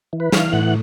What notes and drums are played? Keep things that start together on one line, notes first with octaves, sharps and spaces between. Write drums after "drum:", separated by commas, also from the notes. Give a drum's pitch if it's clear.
E3
B4
E3 F5, drum: snare
A2 F#5